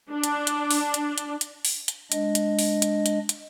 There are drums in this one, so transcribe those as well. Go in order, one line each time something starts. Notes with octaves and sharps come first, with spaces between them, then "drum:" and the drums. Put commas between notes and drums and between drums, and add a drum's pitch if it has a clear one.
D4
drum: hi-hat
drum: hi-hat
drum: open hi-hat
drum: hi-hat
drum: hi-hat
drum: hi-hat
drum: open hi-hat
drum: hi-hat
G#3 D4 D#5, drum: hi-hat
drum: hi-hat
drum: open hi-hat
drum: hi-hat
drum: hi-hat
drum: hi-hat